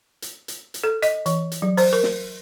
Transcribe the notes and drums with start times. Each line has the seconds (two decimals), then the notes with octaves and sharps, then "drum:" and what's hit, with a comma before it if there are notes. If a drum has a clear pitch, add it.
0.22 drum: hi-hat
0.48 drum: hi-hat
0.74 drum: hi-hat
0.84 A4
1.02 D#5, drum: hi-hat
1.26 E3, drum: hi-hat
1.52 drum: hi-hat
1.62 F#3
1.77 C5, drum: open hi-hat
1.93 A#4
2.03 drum: snare